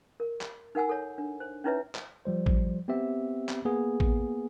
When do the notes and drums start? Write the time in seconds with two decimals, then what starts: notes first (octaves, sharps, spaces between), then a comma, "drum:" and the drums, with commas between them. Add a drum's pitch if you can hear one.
0.20 A#4
0.41 drum: clap
0.75 D#4 A#4 F#5 G#5 E6
0.89 A4 C#5
1.18 D4
1.40 C5
1.64 C#4 D#4 E4 B4 C#5 E5
1.95 drum: clap
2.25 F3 G3 C5
2.46 drum: kick A1
2.88 B3 C4 G4 E5
3.49 drum: clap
3.65 A#3 B3 G#4
4.00 drum: kick A1